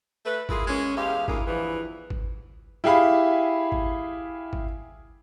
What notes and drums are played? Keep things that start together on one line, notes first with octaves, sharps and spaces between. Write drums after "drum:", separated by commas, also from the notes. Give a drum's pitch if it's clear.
A3 B4
E4 F4 G#4 A#4, drum: kick
G#3 A#3 C#4
E2 G#3 G4 F5
D2 A#3 E4 G#4, drum: kick
E2 G2 E3 F3
drum: kick
E4 G4 G#4 F5 B5
drum: kick
drum: kick